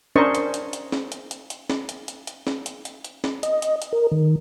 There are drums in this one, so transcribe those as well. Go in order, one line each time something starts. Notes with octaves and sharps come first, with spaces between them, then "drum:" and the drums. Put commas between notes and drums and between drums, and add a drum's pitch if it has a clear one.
C#4 D4 A#4 C5 D#5 C#6
drum: hi-hat
drum: hi-hat
drum: hi-hat
drum: snare
drum: hi-hat
drum: hi-hat
drum: hi-hat
drum: snare
drum: hi-hat
drum: hi-hat
drum: hi-hat
drum: snare
drum: hi-hat
drum: hi-hat
drum: hi-hat
drum: snare
D#5, drum: hi-hat
drum: hi-hat
drum: hi-hat
A#4
D#3